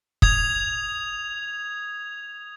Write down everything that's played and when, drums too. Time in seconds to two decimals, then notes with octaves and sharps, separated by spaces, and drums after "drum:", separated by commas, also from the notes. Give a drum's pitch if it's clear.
0.22 D#6 G#6 F7, drum: kick